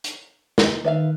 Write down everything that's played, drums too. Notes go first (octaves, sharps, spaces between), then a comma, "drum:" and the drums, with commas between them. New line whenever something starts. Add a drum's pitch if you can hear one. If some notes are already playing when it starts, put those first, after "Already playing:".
drum: hi-hat
drum: snare
D#3 B4 E5 F5